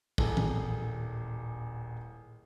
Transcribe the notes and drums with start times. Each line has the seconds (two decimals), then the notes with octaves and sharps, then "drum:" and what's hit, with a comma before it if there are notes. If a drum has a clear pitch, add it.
0.18 D#1 A1 G#4 A4, drum: kick
0.37 drum: tom D#3